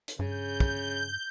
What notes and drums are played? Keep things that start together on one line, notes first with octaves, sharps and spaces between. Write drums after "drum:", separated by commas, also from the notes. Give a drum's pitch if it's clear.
drum: hi-hat
G2 C#3 G6
drum: kick